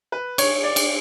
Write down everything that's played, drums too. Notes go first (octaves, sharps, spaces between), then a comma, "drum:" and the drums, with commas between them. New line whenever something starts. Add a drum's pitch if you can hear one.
B4
C#5, drum: cymbal
D5
drum: cymbal